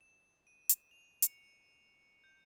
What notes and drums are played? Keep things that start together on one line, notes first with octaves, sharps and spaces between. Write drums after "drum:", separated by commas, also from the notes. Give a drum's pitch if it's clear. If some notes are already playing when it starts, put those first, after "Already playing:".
E7
D#7
drum: hi-hat
F7
C#7, drum: hi-hat
G6